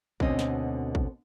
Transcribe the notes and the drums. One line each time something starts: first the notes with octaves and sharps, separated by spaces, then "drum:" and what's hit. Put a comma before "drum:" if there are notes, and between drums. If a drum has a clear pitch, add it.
D2 B2 D3 C4 C#4 D#5, drum: kick
drum: snare
drum: kick